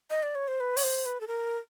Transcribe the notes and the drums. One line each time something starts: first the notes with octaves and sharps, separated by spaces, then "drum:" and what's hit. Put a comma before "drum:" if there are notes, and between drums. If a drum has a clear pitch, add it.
D#5
D5
C#5
C5
B4
C#5, drum: open hi-hat
C5
B4
A4
A#4